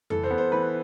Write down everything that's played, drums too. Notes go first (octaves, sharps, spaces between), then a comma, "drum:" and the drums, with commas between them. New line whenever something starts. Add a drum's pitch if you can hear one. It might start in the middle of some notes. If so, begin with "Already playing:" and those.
E3 A4, drum: tom F2
C5
B3
C5
E3 B4